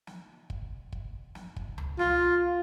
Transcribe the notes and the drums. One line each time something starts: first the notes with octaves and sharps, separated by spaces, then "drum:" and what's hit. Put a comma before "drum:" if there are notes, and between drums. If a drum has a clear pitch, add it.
drum: snare
drum: kick
drum: kick
drum: snare
drum: kick
drum: tom C#2
F4, drum: snare